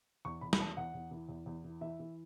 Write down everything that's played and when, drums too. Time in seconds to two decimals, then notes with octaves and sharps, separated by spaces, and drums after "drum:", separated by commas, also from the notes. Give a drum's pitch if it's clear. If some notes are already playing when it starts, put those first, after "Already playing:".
0.25 E2 C#6
0.41 E2 B5
0.53 B5, drum: snare
0.60 E2 A5
0.77 E2 F#5
0.94 E2
1.11 E3
1.29 E2
1.46 E2
1.64 E3
1.81 E3 E5
1.99 E3